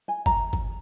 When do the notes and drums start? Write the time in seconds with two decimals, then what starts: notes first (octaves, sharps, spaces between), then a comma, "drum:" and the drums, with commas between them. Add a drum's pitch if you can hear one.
0.08 G#5
0.26 A#5, drum: kick
0.53 drum: kick